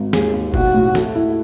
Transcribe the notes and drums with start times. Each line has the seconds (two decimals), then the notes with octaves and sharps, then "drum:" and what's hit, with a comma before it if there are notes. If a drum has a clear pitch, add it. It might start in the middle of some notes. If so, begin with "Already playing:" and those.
Already playing: G#1
0.13 D#2 G#4, drum: snare
0.33 D#2
0.54 B1 F#4, drum: kick G1
0.74 A2
0.95 A3, drum: snare
1.15 E4